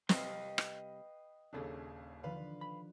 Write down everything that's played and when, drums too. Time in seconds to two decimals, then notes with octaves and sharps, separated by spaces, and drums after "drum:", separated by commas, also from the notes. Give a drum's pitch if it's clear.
0.09 C3 G3 B4 D#5 F5 G5, drum: snare
0.58 drum: rim click
1.53 D#1 D#2 C#3 D4 A4 C#5
2.23 D3 D#3 F3 B4 F5
2.61 B5